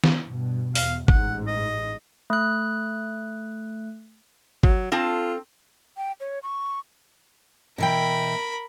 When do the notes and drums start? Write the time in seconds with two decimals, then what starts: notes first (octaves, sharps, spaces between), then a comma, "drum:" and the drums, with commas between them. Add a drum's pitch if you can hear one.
0.04 drum: snare
0.23 G2 B2
0.75 E2 F5, drum: open hi-hat
1.08 A1 G#2 F#5, drum: kick
1.47 D#5
2.30 A3 F#6
4.63 F#3, drum: kick
4.92 C4 F4 A4 A5
5.97 G5
6.20 C#5
6.43 C#6
7.78 B2 E3 A#4 G5 B5